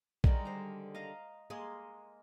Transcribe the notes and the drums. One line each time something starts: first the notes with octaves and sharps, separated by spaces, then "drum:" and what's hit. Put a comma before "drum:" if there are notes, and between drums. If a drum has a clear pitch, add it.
D3 D#3 G3 G#3 A#4, drum: kick A#1
C5 A#5
D#5 F5 A#5
G#3 A#3 G#4 C6